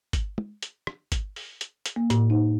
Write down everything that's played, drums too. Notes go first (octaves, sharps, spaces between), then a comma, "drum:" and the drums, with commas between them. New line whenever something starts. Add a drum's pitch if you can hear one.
drum: kick G1, hi-hat
drum: tom
drum: hi-hat
drum: rim click
drum: kick G1, hi-hat
drum: open hi-hat
drum: hi-hat
drum: hi-hat
A#3
A2, drum: hi-hat
D#4